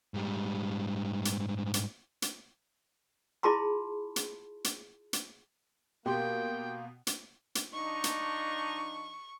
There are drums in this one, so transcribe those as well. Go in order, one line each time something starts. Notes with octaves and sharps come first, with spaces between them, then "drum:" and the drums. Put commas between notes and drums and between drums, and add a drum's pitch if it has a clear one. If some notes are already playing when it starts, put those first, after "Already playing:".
G#2 G3
drum: hi-hat
drum: hi-hat
drum: hi-hat
E4 F4 G#4 A5 B5 C6
drum: hi-hat
drum: hi-hat
drum: hi-hat
B2 A#3 G4 G5 C6
drum: hi-hat
drum: hi-hat
F3 D4 D#4 C#6
drum: hi-hat